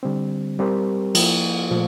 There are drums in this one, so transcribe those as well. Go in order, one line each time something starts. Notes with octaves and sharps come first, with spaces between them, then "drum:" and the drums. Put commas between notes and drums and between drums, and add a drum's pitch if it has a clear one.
D3 G3 C4
G3 C4 G4 A#4
F3 A#3 E4, drum: cymbal
A#2 F3 A3